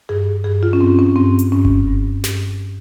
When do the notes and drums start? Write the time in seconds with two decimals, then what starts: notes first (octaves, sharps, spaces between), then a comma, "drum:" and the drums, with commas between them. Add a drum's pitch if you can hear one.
0.09 G2 G#4
0.44 G2 G#4
0.63 F4
0.73 C#4
0.81 G2 C4
0.99 C#4
1.16 G2 C4
1.39 drum: hi-hat
1.52 G2 C#4
1.65 drum: kick F#1
1.87 G2
2.24 G2, drum: snare